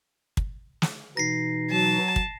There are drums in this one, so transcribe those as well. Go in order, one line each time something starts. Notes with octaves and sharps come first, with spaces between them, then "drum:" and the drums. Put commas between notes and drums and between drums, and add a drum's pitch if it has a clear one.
drum: kick
drum: snare
B2 E3 D#4 A#6 C7
F#3 A5
drum: kick